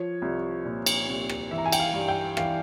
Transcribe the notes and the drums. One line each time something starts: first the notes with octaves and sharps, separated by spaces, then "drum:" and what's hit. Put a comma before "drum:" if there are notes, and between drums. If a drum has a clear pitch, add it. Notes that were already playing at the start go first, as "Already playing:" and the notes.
Already playing: F3 C#5
C2
A#2
drum: cymbal
C2
drum: rim click
E3 E5
A#5
G#5
G5, drum: cymbal
F5
G2
G5
E3 F5, drum: rim click